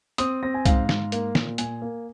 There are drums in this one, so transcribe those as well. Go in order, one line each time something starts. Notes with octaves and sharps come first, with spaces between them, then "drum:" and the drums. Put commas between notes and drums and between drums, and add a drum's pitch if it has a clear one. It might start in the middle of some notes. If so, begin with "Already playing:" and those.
C4 D#6, drum: hi-hat
C4 A#6
G#5
G#2 F5, drum: kick, hi-hat
G#2, drum: snare
A#3, drum: hi-hat
A#2, drum: snare
A#2 G#5, drum: hi-hat
A#3